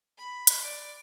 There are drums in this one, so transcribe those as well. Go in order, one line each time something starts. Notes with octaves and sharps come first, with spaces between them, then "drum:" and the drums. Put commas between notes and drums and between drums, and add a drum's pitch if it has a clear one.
B5
drum: hi-hat
D5